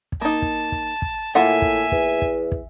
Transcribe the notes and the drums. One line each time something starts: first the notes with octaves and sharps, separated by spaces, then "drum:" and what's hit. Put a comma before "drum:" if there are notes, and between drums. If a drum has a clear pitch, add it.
drum: kick
A#3 D#4 A5
drum: kick
drum: kick
drum: kick
A2 A#3 F4 E5 F#5 G#5
drum: kick
E2, drum: kick
drum: kick
drum: kick